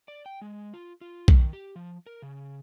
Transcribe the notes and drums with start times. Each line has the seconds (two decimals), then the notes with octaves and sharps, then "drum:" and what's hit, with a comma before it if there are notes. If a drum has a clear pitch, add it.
0.08 D5
0.26 G5
0.42 G#3
0.74 F4
1.01 F4
1.28 D#3, drum: kick B1
1.53 G4
1.76 F3
2.06 A#4
2.22 C#3